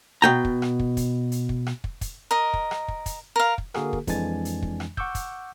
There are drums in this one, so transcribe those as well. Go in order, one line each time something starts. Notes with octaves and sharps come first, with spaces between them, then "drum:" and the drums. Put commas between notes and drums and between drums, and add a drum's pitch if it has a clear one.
B2 G5 A#5
drum: kick
drum: rim click
drum: kick
drum: kick, hi-hat
drum: hi-hat
drum: kick
drum: rim click
drum: kick
drum: kick, hi-hat
A#4 D#5
drum: kick
drum: rim click
drum: kick
drum: kick, hi-hat
A#4 F5
drum: kick
D3 A#3 F#4 G#4 A#4, drum: rim click
drum: kick
F2 E3 G#3 D4 G#5 A6, drum: kick, hi-hat
drum: hi-hat
drum: kick
drum: rim click
F#5 C#6 D6 E6 G6, drum: kick
drum: kick, hi-hat